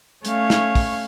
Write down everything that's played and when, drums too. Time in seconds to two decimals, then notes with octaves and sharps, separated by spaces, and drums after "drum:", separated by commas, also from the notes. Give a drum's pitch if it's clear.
0.25 A3 C#4 C#5 F5, drum: hi-hat
0.50 drum: snare
0.75 drum: kick, open hi-hat